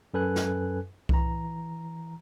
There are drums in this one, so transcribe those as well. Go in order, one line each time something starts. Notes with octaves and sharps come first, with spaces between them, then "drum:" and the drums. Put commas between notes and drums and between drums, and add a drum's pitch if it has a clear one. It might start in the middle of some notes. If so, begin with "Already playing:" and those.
F#2 A4 B4 G#5 F#6
drum: snare
E3 A#5, drum: kick C2